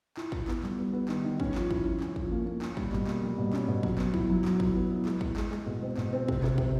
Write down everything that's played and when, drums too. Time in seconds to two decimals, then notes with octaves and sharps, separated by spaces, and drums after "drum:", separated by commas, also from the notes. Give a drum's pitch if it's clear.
0.17 E4, drum: clap
0.32 E4, drum: kick
0.48 B3, drum: clap
0.63 G3, drum: clap
0.78 B3
0.93 B3
1.08 D#3, drum: clap
1.24 D#3
1.40 C#4, drum: kick
1.55 F3, drum: clap
1.71 E4, drum: kick
1.85 C#4
2.00 C#4, drum: clap
2.16 F3, drum: kick
2.32 A#3
2.46 A#3
2.62 C#4, drum: clap
2.77 G3, drum: kick
2.93 B2, drum: clap
3.07 A#3, drum: clap
3.23 G3
3.38 B2
3.53 C#4, drum: clap
3.68 B2
3.83 F#3, drum: kick
3.98 B3, drum: clap
4.14 E4, drum: kick
4.30 F#3
4.45 F#3, drum: clap
4.60 E4, drum: kick
4.75 B3
4.91 E4
5.05 G#3, drum: clap
5.21 E4, drum: kick
5.36 G#3, drum: clap
5.51 G#3, drum: clap
5.66 B2
5.82 C4
5.97 B2, drum: clap
6.13 C4
6.28 C3, drum: kick
6.44 C3, drum: clap
6.58 C3, drum: kick